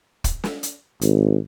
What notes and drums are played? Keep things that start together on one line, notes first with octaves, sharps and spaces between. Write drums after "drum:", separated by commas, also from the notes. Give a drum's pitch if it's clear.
drum: kick, hi-hat
drum: snare
drum: hi-hat
G#1, drum: hi-hat